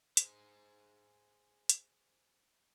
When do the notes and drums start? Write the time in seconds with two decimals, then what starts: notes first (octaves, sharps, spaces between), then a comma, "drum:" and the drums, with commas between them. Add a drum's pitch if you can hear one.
0.17 G#4 C5, drum: hi-hat
1.69 drum: hi-hat